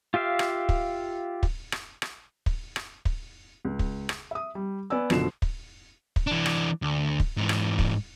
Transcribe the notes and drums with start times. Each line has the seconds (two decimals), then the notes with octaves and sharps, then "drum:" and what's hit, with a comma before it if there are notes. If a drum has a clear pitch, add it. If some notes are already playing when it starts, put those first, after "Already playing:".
0.14 F4 G4 E5 F5
0.39 drum: rim click
0.69 drum: kick
1.43 drum: kick
1.72 drum: rim click
2.02 drum: rim click
2.46 drum: kick
2.76 drum: rim click
3.05 drum: kick
3.65 C#2
3.79 drum: kick
4.09 drum: rim click
4.31 E5 D#6
4.55 G3
4.90 B3 D5 G#5 E6
5.10 F#1 B2 D3 F3 C7 E7, drum: rim click
5.42 drum: kick
6.16 drum: kick
6.27 E3 D4
6.46 drum: rim click
6.82 D2
7.20 drum: kick
7.37 G#2 E3
7.49 drum: rim click
7.79 drum: kick